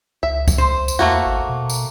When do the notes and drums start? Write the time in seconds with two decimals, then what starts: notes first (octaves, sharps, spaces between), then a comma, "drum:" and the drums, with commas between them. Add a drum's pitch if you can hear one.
0.23 C#2 E5
0.48 drum: kick C#2, tambourine
0.58 C5
0.88 drum: tambourine
0.99 E2 A3 A#3 F#4
1.26 G#1
1.49 B2
1.70 drum: tambourine